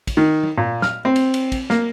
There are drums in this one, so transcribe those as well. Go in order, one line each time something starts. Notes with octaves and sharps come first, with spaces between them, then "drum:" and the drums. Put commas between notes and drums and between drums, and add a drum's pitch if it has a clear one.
drum: kick, cymbal
D#3
drum: tom
A#2
F6, drum: snare
C4
drum: cymbal
drum: cymbal
drum: kick, cymbal
A#3, drum: snare